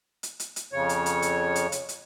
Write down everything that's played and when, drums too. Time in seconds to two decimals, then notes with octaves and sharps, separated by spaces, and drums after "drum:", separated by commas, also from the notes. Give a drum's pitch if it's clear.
0.23 drum: hi-hat
0.40 drum: hi-hat
0.56 drum: hi-hat
0.73 F2 C#3 C#5
0.89 drum: hi-hat
1.06 drum: hi-hat
1.22 drum: hi-hat
1.55 drum: hi-hat
1.72 drum: hi-hat
1.89 drum: hi-hat